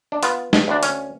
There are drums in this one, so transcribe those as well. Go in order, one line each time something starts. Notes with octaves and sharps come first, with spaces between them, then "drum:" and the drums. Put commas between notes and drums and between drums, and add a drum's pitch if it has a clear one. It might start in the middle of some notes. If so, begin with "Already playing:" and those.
D4
B3 F4, drum: hi-hat
drum: snare
D2 D4
C#4, drum: hi-hat